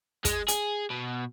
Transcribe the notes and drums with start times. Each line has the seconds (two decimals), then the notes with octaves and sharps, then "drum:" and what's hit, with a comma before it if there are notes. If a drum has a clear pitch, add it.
0.25 G#3, drum: kick, hi-hat
0.48 G#4, drum: hi-hat
0.91 B2